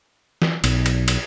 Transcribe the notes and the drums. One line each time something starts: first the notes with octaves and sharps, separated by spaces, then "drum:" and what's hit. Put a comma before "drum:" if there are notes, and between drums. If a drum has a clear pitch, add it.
drum: snare
B1, drum: cymbal
drum: cymbal
drum: cymbal